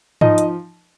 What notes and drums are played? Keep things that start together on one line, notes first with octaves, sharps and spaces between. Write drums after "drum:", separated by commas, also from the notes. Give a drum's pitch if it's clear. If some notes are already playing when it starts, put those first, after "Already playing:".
F3 D#4 D#5, drum: tom G#2
drum: hi-hat